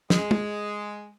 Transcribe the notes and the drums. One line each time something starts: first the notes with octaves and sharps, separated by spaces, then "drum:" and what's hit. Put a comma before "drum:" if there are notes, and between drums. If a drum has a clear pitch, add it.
G#3, drum: snare
drum: tom